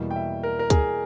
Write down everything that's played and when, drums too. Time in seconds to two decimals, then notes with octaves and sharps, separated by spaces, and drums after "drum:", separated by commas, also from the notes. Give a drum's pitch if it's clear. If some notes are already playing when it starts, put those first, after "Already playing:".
Already playing: E2 B2 G3 A#3 E4
0.11 G5
0.16 E5
0.43 A#4
0.59 A#4
0.70 G#4, drum: kick C#2, hi-hat